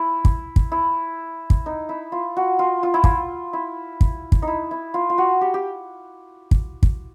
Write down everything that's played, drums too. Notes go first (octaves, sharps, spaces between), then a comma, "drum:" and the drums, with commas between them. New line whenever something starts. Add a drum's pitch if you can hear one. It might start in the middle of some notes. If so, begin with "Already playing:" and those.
Already playing: E4
drum: kick
drum: kick
E4
drum: kick
D#4
E4
F4
F#4
F4
F4
E4
F4, drum: kick
E4
drum: kick
drum: kick
D#4
E4
E4
F4
F4
F#4
G4
G4
drum: kick
drum: kick